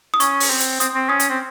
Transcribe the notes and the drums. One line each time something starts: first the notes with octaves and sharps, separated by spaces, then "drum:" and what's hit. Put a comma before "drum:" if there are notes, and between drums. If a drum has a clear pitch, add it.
D#6
C#4 C#6, drum: hi-hat
drum: open hi-hat
C4
drum: hi-hat
C4 D#6, drum: hi-hat
C4
C#4 D#6
drum: hi-hat
C4